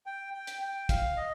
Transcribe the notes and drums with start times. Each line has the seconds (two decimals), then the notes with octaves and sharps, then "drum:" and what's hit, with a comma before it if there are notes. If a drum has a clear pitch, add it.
0.06 G5
0.34 G5
0.47 drum: hi-hat
0.61 G5
0.89 F5, drum: kick, hi-hat
1.17 D#5